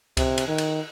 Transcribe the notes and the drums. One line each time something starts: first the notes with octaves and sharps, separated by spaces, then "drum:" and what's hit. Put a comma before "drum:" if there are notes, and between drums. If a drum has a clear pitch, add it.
C3, drum: kick C#2, cymbal
drum: cymbal
D#3
drum: cymbal